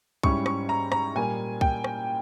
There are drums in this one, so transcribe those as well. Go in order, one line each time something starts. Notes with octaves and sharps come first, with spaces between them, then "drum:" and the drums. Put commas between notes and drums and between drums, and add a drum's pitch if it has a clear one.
G#2 G3 C#4 E4 C#6, drum: kick C2
C#6, drum: rim click
A#5
A#5, drum: rim click
A#2 G3 A#3 G#5
G5, drum: kick C2
drum: rim click